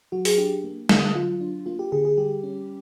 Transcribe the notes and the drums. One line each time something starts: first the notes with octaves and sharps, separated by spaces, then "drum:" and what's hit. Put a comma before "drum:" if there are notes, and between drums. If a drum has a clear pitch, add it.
F#3 F#4
G#4, drum: open hi-hat
D4 G4
A#3
D3, drum: snare
F#3 F4
D4
A#3 F4
G4
D3 G#4
G#4
G3 G4
C#4